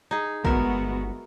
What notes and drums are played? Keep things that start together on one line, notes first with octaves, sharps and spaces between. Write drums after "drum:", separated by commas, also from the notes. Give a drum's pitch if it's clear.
D#4 G#4
G1 G#3 B3 F#4 A#4 E5, drum: kick A#1